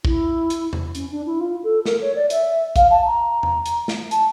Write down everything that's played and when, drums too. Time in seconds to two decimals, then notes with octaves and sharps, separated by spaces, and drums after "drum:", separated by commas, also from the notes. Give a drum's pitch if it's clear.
0.05 E4, drum: kick A#1
0.50 drum: hi-hat
0.73 drum: tom E2
0.95 C#4, drum: hi-hat
1.11 D4
1.26 E4
1.40 F4
1.63 A4
1.86 A#4, drum: snare
2.01 C#5
2.15 D5
2.30 E5, drum: hi-hat
2.76 F5, drum: kick A#1, hi-hat
2.90 A5
3.05 A#5
3.43 drum: tom E2
3.66 drum: hi-hat
3.88 drum: snare
4.11 A5, drum: hi-hat